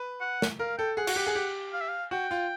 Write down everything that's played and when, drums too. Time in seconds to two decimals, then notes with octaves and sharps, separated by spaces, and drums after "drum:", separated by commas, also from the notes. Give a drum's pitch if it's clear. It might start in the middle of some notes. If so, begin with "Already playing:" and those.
Already playing: B4
0.20 F#5
0.42 drum: snare
0.59 A#4 F5
0.78 A4 G5
0.97 G#4 F#5
1.07 F#4, drum: cymbal
1.16 G4
1.27 G#4
1.35 G4
1.73 F5
1.81 E5
1.88 F5
2.11 F#4 G5
2.31 F4